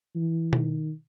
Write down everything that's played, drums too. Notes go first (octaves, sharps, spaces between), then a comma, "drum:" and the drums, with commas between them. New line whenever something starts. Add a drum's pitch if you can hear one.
E3
D#3, drum: tom B2